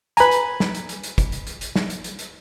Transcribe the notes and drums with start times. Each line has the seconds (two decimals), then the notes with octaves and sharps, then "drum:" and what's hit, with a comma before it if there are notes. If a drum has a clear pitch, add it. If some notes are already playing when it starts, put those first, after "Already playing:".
0.17 B4 G#5 A#5 B5, drum: hi-hat
0.31 drum: hi-hat
0.60 drum: snare
0.75 drum: hi-hat
0.89 drum: hi-hat
1.03 drum: hi-hat
1.18 drum: kick, hi-hat
1.32 drum: hi-hat
1.47 drum: hi-hat
1.61 drum: hi-hat
1.76 drum: snare
1.90 drum: hi-hat
2.04 drum: hi-hat
2.19 drum: hi-hat